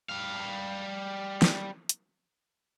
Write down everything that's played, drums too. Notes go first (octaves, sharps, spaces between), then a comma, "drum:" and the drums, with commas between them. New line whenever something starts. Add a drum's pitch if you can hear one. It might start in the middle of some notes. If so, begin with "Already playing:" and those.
G3 F5
drum: snare
drum: hi-hat